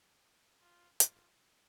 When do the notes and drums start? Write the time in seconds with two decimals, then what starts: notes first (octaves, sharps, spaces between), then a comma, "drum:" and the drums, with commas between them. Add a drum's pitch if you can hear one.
0.61 F4
1.00 F4, drum: hi-hat